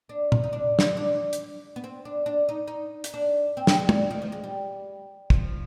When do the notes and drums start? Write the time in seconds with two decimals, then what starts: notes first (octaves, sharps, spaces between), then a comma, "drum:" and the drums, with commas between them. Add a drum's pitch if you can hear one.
0.09 D4
0.32 drum: tom A#2
0.44 D#4
0.53 D4
0.79 drum: snare
0.97 D4
1.33 drum: hi-hat
1.76 B3
1.84 C4
2.05 D4
2.26 D4
2.49 D#4
2.68 D#4
3.04 drum: hi-hat
3.14 D4
3.57 C4
3.67 C4, drum: snare
3.79 G#3
3.89 G3, drum: tom
4.11 D#3
4.22 F3
4.32 G#3
4.44 G3
5.30 F3, drum: kick